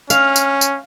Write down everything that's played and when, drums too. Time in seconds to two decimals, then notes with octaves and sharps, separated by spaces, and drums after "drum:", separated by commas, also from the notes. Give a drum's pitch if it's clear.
0.10 C#4 F5, drum: tambourine
0.36 drum: tambourine
0.61 drum: tambourine